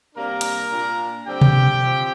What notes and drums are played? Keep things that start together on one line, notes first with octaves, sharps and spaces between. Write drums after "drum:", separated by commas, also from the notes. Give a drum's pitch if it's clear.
C3 G3 A#3 D4 A#4 A#5
drum: hi-hat
A#2 A#3 D4
D3 G3 C4 G4 G5
drum: tom B2
F3 C4